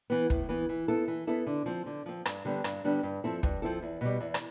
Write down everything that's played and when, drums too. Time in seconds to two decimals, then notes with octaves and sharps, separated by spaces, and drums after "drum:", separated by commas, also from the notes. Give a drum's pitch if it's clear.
0.10 E3 B3
0.30 A2, drum: kick
0.49 E3 B3
0.69 E3
0.88 B3 E4 A4
1.08 E3
1.27 B3 E4 A4
1.47 D3
1.66 F3 C4
1.86 D3
2.06 F3 C4
2.25 G2, drum: rim click
2.45 D3 G3 B3 D4
2.64 G2, drum: rim click
2.84 D3 G3 B3 D4
3.03 G2
3.24 F3 C4 E4 A4
3.43 G2, drum: kick
3.62 F3 C4 E4 A4
3.82 E2
4.01 B2 G3
4.21 E2
4.34 drum: rim click